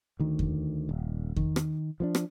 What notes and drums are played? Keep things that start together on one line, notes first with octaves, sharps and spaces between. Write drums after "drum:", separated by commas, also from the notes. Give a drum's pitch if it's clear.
D2 D#3
drum: kick E2
D#1
D#3, drum: kick E2
drum: rim click
F3 A#3 D4
drum: rim click